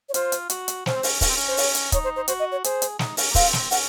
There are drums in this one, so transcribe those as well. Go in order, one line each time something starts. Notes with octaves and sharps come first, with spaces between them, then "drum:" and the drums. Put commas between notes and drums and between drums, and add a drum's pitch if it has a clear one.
C#5
F4 C5, drum: hi-hat
drum: hi-hat
F#4, drum: hi-hat
drum: hi-hat
C#4 C5, drum: snare
C4
C#4, drum: open hi-hat
C#4, drum: kick, open hi-hat
C4
C#4
C5
C#5, drum: open hi-hat
drum: hi-hat
D#4 C#5, drum: kick, hi-hat
C5
C5
F#4 C5, drum: hi-hat
D#5
C#5
G#4 C5, drum: hi-hat
drum: hi-hat
D#4, drum: snare
C#4, drum: open hi-hat
A#3
C4 F5, drum: kick, open hi-hat
drum: snare
C#4 F#5, drum: open hi-hat